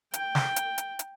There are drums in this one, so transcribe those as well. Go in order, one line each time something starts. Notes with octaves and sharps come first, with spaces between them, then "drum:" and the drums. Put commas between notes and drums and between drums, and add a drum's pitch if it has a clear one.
G5, drum: hi-hat
drum: snare
drum: hi-hat
drum: hi-hat
drum: hi-hat